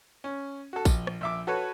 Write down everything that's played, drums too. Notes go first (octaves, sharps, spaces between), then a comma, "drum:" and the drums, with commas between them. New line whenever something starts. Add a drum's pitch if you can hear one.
C#4
F#4 A4
A#1, drum: kick A#1, tambourine
drum: rim click
A#1 E5 D6
F#4 A4 B4 C#5